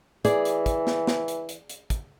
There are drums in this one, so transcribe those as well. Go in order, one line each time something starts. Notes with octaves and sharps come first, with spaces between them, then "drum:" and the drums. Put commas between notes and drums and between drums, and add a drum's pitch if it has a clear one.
E3 G#4 D5, drum: hi-hat
drum: hi-hat
drum: kick, hi-hat
drum: snare
drum: snare
drum: hi-hat
drum: hi-hat
drum: hi-hat
drum: kick, hi-hat